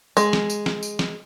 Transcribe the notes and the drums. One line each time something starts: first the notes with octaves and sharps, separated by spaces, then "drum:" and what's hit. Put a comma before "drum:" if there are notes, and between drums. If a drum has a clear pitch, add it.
G#3, drum: tambourine
drum: snare
drum: tambourine
drum: snare
drum: tambourine
drum: snare